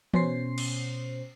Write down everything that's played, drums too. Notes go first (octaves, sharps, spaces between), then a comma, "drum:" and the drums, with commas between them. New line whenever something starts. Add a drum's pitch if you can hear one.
B2 C#4 C5 C7, drum: tom E3
drum: cymbal